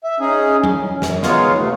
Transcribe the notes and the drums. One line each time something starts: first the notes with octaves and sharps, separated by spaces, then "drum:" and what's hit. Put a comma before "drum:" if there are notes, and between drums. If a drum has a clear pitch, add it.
E5
C#4 D#4 G#4
C#4, drum: tom F#3
F#2, drum: snare
G#3 B3 D#4 F4 C#5 F5, drum: snare
C3 A3